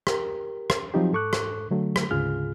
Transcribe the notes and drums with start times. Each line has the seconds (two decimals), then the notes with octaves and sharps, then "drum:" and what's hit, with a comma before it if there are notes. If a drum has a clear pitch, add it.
0.07 G4 A#4, drum: rim click
0.70 drum: rim click
0.94 F3 F#3 C4 D#4 G4
1.13 G#2 A4 C#6 D6 F#6
1.33 drum: rim click
1.71 D3 F#3 A3
1.96 drum: rim click
2.11 D2 G#2 C#3 F4 G#4 F6